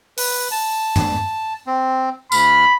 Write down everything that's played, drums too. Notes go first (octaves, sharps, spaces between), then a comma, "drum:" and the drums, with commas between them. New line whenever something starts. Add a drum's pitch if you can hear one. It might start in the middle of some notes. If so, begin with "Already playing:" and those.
B4, drum: open hi-hat
A5
drum: tom G2
C4
D2 B5 F6, drum: tambourine